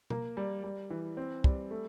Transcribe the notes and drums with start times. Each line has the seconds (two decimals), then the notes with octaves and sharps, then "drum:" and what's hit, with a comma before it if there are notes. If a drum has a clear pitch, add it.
0.10 A#3, drum: tom B2
0.37 G3
0.64 G3
0.90 E3
1.17 C4
1.44 G3, drum: kick
1.71 A3